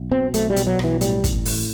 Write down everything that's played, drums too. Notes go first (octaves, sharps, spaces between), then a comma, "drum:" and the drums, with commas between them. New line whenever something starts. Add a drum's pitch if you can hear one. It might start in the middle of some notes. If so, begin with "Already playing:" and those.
Already playing: B1
B2 C4
B1 A3, drum: hi-hat
G3
B2, drum: hi-hat
F#3
B1 E3, drum: rim click
A2 G3, drum: hi-hat
A1, drum: kick, hi-hat
A2, drum: open hi-hat